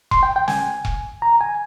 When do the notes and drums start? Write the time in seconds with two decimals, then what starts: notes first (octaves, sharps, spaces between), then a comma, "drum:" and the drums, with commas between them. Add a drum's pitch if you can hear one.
0.11 C6, drum: kick E1
0.23 G5
0.36 G5
0.48 G#5, drum: snare
0.85 drum: kick E1
1.22 A#5
1.41 G#5